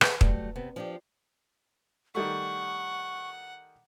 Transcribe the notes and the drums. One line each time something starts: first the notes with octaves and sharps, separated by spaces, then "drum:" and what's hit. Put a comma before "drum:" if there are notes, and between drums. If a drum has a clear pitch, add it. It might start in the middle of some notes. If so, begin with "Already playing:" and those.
G#4 A4 B4 C5 F#5, drum: rim click
F#3 G3 A3, drum: kick
C3 B3
F3 D4 G4
D#3 G3 A3 F#5 C#6